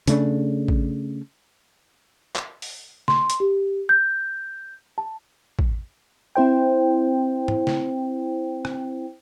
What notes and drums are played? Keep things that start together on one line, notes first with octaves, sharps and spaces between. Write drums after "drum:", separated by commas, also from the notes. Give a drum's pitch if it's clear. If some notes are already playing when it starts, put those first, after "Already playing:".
C#3 A3 D4, drum: hi-hat
drum: kick
drum: clap
drum: open hi-hat
C6, drum: snare
drum: hi-hat
G4
G6
A5
drum: kick
C4 E4 C5 G5
drum: tom
drum: snare
drum: rim click